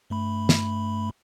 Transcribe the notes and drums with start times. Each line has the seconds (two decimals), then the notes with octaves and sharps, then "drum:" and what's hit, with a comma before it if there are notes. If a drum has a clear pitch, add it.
0.10 G2 A3 B5
0.49 drum: snare